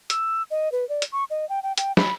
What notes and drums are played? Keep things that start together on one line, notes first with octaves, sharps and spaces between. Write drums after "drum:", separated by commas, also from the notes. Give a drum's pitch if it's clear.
E6, drum: hi-hat
D#5
B4
D5
drum: hi-hat
C#6
D#5
G5
G5
G5, drum: hi-hat
B5, drum: snare